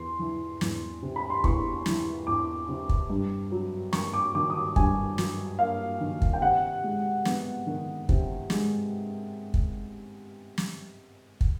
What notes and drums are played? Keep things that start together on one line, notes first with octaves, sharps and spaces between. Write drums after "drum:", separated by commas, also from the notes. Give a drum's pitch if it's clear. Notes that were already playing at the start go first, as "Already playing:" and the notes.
Already playing: E2 C6
E3
E2, drum: snare
C3
B5
C6
E2 C#6, drum: kick
E3, drum: snare
E2 D6
C3
drum: kick
G2
F#3
A#3 C#6, drum: snare
D6
D#3 D6
D#6
D6
G2 G#5, drum: kick
F#3, drum: snare
A#3 F5
D#3
drum: kick
G5
C3 F#5
G#3
B3, drum: snare
D#3
C3, drum: kick
G#3, drum: snare
drum: kick
drum: snare
drum: kick